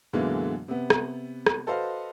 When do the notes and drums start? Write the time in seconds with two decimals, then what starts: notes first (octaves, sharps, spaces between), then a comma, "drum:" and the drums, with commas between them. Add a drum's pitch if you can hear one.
0.13 F#2 B2 D3 E3 G#3 A#3
0.68 C3 B3
0.90 drum: rim click
1.46 drum: rim click
1.67 F#4 A4 B4 C5 D#5 F5